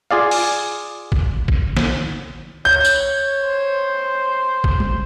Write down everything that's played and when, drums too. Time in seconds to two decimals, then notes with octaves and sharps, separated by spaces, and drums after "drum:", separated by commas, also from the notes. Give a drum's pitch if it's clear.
0.11 F4 G#4 D5 F5
0.31 drum: open hi-hat
1.12 drum: kick A1
1.48 drum: kick A1
1.77 drum: snare
2.65 C#5 G6
2.85 drum: tambourine
3.44 C5
4.64 drum: kick A1
4.80 drum: tom